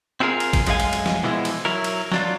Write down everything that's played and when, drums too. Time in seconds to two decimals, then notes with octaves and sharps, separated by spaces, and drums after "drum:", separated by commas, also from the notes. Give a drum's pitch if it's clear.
0.20 C4 E4 F4 G#4 A#4
0.40 drum: cymbal
0.53 drum: kick G#1, cymbal
0.67 F#2 G#3 E4 F5 G#5, drum: cymbal
0.80 drum: cymbal
0.93 drum: cymbal
1.06 drum: snare
1.23 B2 E3 F3 G#3 E4
1.45 drum: cymbal
1.65 F#3 E4 A#4
1.84 drum: cymbal
2.12 F#3 D4 F4, drum: snare